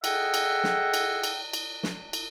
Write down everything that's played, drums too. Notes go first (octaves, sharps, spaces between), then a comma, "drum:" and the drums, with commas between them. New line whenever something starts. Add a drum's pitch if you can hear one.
G#4 A4 D#5 E5 F#5 G5, drum: cymbal
drum: cymbal
drum: snare
drum: cymbal
drum: cymbal
drum: cymbal
drum: snare
drum: cymbal